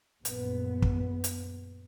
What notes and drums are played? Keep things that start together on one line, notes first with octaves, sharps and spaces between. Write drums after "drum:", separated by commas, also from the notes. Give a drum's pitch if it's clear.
A#1 F#2 B3, drum: hi-hat
drum: kick
drum: hi-hat